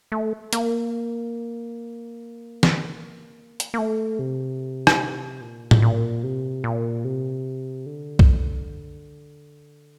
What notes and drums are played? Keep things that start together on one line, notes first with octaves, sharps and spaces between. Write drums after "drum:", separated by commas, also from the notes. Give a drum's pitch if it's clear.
A3
A#3, drum: hi-hat
drum: snare
drum: hi-hat
A#3
A3
C3
drum: rim click
A#2
drum: tom A2
A#2
C3
A#2
C3
D3
drum: kick B1